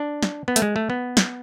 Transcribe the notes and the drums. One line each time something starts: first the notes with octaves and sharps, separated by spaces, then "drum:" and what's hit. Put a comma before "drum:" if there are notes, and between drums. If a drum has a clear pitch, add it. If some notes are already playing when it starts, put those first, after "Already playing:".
Already playing: D4
drum: snare
B3
A3, drum: hi-hat
G#3
A3
B3
drum: snare